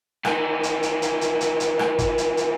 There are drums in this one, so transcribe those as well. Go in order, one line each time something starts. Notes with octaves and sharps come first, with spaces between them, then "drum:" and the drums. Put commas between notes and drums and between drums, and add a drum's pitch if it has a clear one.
D#3 E3, drum: rim click
drum: hi-hat
drum: hi-hat
drum: hi-hat
drum: hi-hat
drum: hi-hat
drum: hi-hat
drum: rim click
drum: kick, hi-hat
drum: hi-hat
drum: hi-hat